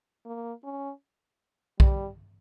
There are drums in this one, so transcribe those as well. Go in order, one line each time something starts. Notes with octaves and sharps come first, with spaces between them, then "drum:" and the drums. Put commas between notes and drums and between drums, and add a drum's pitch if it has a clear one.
A#3
C#4
G3, drum: kick B1